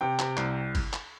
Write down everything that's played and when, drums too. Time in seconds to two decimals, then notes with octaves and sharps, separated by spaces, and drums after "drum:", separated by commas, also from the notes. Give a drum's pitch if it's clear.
0.01 C3 G5
0.19 C3, drum: clap
0.37 C2, drum: clap
0.75 drum: kick G1, cymbal
0.93 drum: clap